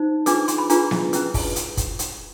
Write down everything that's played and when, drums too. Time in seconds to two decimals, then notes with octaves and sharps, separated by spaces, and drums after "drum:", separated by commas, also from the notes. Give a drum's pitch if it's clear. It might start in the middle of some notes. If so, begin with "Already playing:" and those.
Already playing: D#4 C5
0.26 D4 F4 G#4 B4 D6, drum: hi-hat
0.48 C6, drum: hi-hat
0.58 B5
0.70 D4 F4 G#4 B4 A#5, drum: hi-hat
0.91 drum: snare B3
1.13 C#4 E4 G#4 B4, drum: hi-hat
1.34 drum: kick, open hi-hat
1.56 drum: hi-hat
1.77 drum: kick, hi-hat
1.99 drum: hi-hat